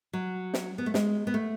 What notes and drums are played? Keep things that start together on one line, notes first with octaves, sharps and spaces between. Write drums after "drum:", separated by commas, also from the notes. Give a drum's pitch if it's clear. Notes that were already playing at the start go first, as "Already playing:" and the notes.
F#3
drum: snare
B3
A3
G#3, drum: snare
B3
A3